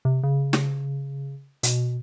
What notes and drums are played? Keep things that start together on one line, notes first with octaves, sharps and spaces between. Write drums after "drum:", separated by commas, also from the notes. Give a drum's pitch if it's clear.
C3
C#3
drum: snare
B2, drum: hi-hat